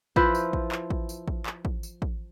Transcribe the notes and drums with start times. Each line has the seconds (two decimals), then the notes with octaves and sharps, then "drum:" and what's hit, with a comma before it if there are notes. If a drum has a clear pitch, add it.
0.16 F3 E4 B4 C5, drum: kick
0.35 drum: tambourine
0.53 drum: kick
0.72 drum: clap
0.90 drum: kick
1.09 drum: tambourine
1.28 drum: kick
1.46 drum: clap
1.65 drum: kick
1.83 drum: tambourine
2.02 drum: kick